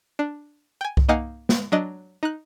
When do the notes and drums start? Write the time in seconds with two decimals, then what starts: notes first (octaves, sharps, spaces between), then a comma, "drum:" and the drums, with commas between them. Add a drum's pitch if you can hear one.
0.19 D4
0.81 G5 G#5
0.97 drum: kick C2
1.09 A#3 D#4 D#5 F5 F#5 G#5
1.49 drum: snare
1.72 F#3 D4 D#5 A6
2.23 D#4 F#6